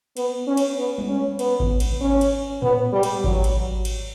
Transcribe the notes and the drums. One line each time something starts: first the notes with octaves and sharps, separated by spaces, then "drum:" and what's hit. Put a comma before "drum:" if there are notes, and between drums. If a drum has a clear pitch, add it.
B3, drum: cymbal
C#4
drum: cymbal
B3
drum: tom G3
C#4
B3, drum: cymbal
drum: kick G#1
drum: cymbal
C#4
drum: cymbal
B3, drum: tom A2
G3
drum: cymbal
F#3, drum: kick G#1
drum: cymbal
drum: cymbal